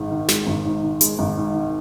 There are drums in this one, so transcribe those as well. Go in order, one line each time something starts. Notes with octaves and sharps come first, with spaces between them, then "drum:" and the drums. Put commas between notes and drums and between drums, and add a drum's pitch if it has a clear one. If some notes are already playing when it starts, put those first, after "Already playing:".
Already playing: G#1 G#2 G#3
D#3
G#3, drum: snare
G#1
G#2
D#3
G#3, drum: hi-hat
G#1
G#2
D#3